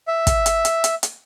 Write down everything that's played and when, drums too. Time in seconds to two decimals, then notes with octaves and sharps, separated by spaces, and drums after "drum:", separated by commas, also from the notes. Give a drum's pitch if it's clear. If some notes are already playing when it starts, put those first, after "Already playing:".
0.08 E5
0.27 drum: kick, hi-hat
0.46 drum: hi-hat
0.65 drum: hi-hat
0.84 drum: hi-hat
1.03 drum: hi-hat